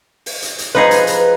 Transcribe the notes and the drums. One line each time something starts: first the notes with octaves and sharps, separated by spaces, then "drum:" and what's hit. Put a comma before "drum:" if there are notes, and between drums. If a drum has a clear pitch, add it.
drum: open hi-hat
drum: hi-hat
drum: hi-hat
F3 D#4 G#4 B4
drum: hi-hat
drum: hi-hat